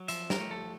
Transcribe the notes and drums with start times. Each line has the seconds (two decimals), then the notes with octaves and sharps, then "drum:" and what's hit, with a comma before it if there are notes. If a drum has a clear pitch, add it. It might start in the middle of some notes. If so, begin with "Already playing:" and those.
Already playing: F#3
0.08 F3 E5, drum: hi-hat
0.30 A#4, drum: snare
0.40 A3
0.51 A4